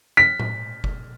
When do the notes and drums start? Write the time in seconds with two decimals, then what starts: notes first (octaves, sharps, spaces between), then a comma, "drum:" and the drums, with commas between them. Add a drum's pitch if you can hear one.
0.17 B6
0.40 drum: tom A2
0.84 drum: kick F1